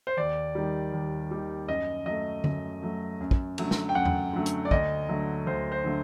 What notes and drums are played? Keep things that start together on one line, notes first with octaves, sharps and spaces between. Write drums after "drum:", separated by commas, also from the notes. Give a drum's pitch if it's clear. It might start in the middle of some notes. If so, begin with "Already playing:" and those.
C5
D#2 D5
D#3 G3
D#2
D#3 G3
F#2 D#5
F#3 A3 D#5
F#2, drum: tom D3
F#3 A3
F#2
drum: kick
D3 F#3 A3, drum: cymbal
drum: snare
G5
F#2 F#5
drum: tom E2
D3 F#3 A3
drum: hi-hat
D5
D2 D#5, drum: kick
D3 F#3 A3
D2 C5
C5
D3 F#3 A3